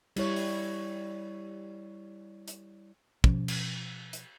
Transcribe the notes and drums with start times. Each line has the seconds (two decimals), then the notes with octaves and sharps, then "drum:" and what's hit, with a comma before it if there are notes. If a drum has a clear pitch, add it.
0.16 G3 E4 C#5, drum: cymbal
0.36 drum: open hi-hat
2.48 drum: hi-hat
3.24 B2 F3 C#4, drum: kick
3.48 drum: cymbal
4.13 drum: hi-hat